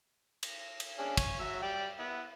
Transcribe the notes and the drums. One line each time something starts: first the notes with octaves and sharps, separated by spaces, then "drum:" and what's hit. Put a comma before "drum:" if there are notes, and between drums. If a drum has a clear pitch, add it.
drum: cymbal
drum: cymbal
C#4 D4 G#4
C#5 G#5, drum: kick, cymbal
F#3 E5
G4 D5 G5
B3 E4